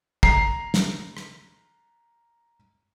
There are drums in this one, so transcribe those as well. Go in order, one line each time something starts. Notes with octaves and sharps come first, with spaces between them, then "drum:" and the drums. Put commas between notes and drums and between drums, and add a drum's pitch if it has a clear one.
A#5 C7, drum: kick
drum: snare
drum: rim click